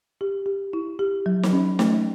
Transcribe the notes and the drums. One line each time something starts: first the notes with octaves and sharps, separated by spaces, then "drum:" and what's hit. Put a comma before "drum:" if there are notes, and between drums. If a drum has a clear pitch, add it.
G4
G4
E4
G4
F#3
drum: snare
C#4
A3, drum: snare